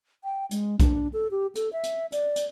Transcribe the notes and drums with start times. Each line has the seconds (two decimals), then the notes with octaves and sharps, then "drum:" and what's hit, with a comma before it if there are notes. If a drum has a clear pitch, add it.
0.24 G5
0.51 G#3, drum: hi-hat
0.80 D4, drum: kick B1, hi-hat
1.13 A4
1.31 G4
1.55 A4, drum: hi-hat
1.73 E5
1.83 drum: hi-hat
2.12 D5, drum: hi-hat
2.36 drum: hi-hat